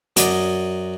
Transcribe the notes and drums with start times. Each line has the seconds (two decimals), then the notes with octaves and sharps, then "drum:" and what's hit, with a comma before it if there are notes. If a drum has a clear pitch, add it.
0.17 F#2 D5 D#5, drum: hi-hat